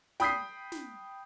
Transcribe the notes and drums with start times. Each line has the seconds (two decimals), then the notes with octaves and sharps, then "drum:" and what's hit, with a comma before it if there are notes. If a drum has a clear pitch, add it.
0.20 G5 B5 D#6 G6 B6 C7, drum: snare
0.72 drum: snare